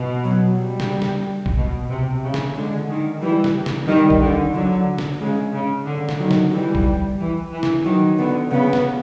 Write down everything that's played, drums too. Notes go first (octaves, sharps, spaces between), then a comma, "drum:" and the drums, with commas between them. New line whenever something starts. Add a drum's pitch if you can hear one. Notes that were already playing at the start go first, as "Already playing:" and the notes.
Already playing: B2
F#3
G3
drum: snare
drum: snare
drum: kick B1
B2
C3
C#3
drum: snare
D3 G#3
D#3
E3 G3
drum: snare
drum: snare
D#3 G3
drum: kick B1
D3
D3 F#3
drum: snare
C#3 G#3
C#3
D3
drum: snare
D#3 F#3
drum: snare
E3 G3
drum: kick B1
E3
E3
drum: snare
D#3 F#3
D3 B3
C#3 B3
drum: snare